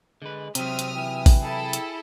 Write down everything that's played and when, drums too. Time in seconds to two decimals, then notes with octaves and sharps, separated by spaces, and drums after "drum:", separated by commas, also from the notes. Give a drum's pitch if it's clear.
0.22 D3 G#3 B4
0.55 C3 F#3 C4 E5 D#6 F6, drum: hi-hat
0.79 drum: hi-hat
0.95 E3 G5
1.26 drum: kick A1, open hi-hat
1.41 E4 G#4 A4
1.73 drum: hi-hat